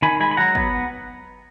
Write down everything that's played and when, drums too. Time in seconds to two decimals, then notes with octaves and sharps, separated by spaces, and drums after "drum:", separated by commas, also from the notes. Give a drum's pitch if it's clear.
0.02 D#3 G#5 B5
0.20 G#3 G#5 B5
0.31 B5
0.37 F#3 F#5 A#5
0.55 B3, drum: kick